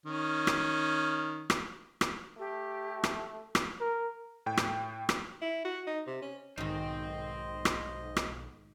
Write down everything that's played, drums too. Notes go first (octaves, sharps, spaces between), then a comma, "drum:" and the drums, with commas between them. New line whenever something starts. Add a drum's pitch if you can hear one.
D#3 C#4
drum: rim click
drum: rim click
drum: rim click
A3 G4
drum: rim click
drum: rim click
A#4
A2 G5
drum: rim click
drum: rim click
E4
F#4
D#4
C3
C#4
B1 G#2 D#3 C5 D#5 G5
drum: rim click
drum: rim click